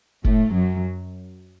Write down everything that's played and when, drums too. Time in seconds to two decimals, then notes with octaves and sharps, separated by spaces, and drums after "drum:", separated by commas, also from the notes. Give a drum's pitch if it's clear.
0.24 A2 A3, drum: kick
0.54 F#2 F#3